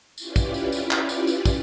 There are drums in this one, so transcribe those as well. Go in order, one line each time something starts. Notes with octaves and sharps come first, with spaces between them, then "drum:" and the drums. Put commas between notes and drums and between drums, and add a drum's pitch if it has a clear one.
C#4 E4 F4 G4 B4 D5, drum: tambourine
drum: kick, tambourine
drum: tambourine
drum: tambourine
drum: clap
drum: tambourine
drum: tambourine
drum: kick, tambourine